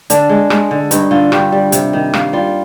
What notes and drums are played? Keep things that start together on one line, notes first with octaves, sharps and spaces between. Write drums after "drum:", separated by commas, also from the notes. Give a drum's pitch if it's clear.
D3 D4, drum: hi-hat
G#3
G#3, drum: rim click
D3
G2 D#4, drum: hi-hat
D3 F4
G2 G4, drum: rim click
G3
C3, drum: hi-hat
D#3
A#3, drum: rim click
G3 F4